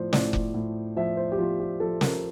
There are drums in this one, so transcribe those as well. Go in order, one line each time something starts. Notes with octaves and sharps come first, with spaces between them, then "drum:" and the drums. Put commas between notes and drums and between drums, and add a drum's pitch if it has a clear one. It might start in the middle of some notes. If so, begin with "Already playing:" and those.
Already playing: A2 F3 C5 D5
A2 D5, drum: snare
drum: kick F1
A2
F3 E5
C5
G4
F3 F4
G4
F3 A4
A#4, drum: snare